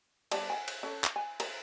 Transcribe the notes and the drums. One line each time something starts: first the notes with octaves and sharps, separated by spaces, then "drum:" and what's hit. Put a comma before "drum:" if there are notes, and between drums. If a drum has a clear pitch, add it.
G3 B3 D4, drum: cymbal
F#5 G#5
drum: cymbal
C#4 A4
drum: clap
G#5
A#4, drum: cymbal